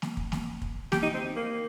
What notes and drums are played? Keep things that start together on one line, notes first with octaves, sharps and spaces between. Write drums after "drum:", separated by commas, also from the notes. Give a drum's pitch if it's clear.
drum: snare
drum: kick
drum: snare
drum: kick
G4, drum: snare
D#4
C4
A#3